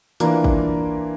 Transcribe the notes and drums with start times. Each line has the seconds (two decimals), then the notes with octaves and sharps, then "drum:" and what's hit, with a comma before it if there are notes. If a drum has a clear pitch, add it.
0.20 E3 A#3 D4 F4 A#4, drum: hi-hat
0.44 drum: kick